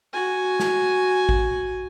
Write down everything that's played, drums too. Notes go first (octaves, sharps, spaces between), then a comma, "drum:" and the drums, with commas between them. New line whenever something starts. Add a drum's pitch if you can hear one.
F#4 G#5
drum: snare
drum: kick